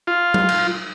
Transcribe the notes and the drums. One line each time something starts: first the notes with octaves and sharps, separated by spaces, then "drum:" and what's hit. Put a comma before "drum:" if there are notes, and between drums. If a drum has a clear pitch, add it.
F4
drum: tom F#3
drum: cymbal